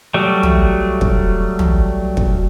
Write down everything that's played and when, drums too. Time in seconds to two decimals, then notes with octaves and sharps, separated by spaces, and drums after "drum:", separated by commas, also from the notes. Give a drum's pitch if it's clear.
0.14 F#3 G3 A3
0.43 drum: tom
1.01 drum: kick
1.59 drum: tom
2.17 drum: kick